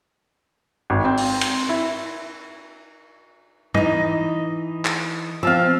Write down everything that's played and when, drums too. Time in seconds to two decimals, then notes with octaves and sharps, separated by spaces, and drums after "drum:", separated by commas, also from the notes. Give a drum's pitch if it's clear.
0.90 G#1
1.05 C4
1.17 drum: open hi-hat
1.41 drum: cymbal
1.69 E4
3.74 E3 D#4 D#5, drum: tom G#2
4.85 drum: clap
5.43 F3 C4 F5 A5 E6